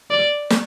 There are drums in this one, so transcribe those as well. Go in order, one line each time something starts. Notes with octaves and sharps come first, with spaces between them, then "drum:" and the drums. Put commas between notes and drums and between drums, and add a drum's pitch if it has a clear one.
D5
drum: snare